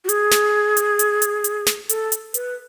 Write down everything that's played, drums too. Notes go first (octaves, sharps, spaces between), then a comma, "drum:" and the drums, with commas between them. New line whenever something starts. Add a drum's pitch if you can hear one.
F#4
G#4, drum: hi-hat
drum: snare
drum: hi-hat
drum: hi-hat
drum: hi-hat
drum: hi-hat
drum: snare
A4, drum: hi-hat
drum: hi-hat
B4, drum: hi-hat